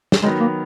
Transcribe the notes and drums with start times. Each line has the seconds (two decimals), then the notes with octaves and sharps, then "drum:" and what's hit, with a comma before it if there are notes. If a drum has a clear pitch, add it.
0.12 drum: snare
0.23 D#3 F#3 G#3 B3
0.40 A#3